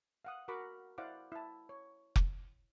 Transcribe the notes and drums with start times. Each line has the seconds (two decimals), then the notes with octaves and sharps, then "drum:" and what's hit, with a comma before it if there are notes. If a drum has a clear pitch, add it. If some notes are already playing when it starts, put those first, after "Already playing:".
0.25 F5 F#5 D#6
0.48 F#4 A#4 F#5 B5 C#6 D6
0.98 E4 C5 D5 F5 F#5 D6
1.32 E4 A5
1.69 C#5
2.16 drum: kick F1